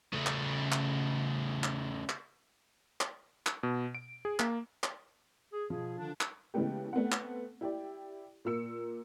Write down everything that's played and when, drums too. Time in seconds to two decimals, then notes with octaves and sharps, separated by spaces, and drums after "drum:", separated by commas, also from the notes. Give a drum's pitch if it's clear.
0.13 C#3 A3
0.26 drum: clap
0.72 drum: clap
1.64 drum: clap
2.09 drum: clap
3.01 drum: clap
3.46 drum: clap
3.63 B2
3.95 D7
4.25 G#4
4.39 A#3, drum: clap
4.84 drum: clap
5.52 G#4
5.70 B2 F3 G#4
5.98 D3 D#3 D4
6.21 drum: clap
6.54 C#3 E3 G#3 A3 B3 G4
6.93 A3 B3 C4 F#5
7.12 drum: clap
7.61 E4 G4 D5
8.45 A#2 A#3 E6 C#7